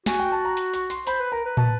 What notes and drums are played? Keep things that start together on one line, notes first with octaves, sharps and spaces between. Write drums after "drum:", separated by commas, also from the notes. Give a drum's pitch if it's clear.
F#4 G#5, drum: snare
G5
A5
A#5
drum: hi-hat
C#6, drum: hi-hat
C6, drum: hi-hat
C5 B5, drum: hi-hat
B4
A#4 A#5
B4
A5, drum: tom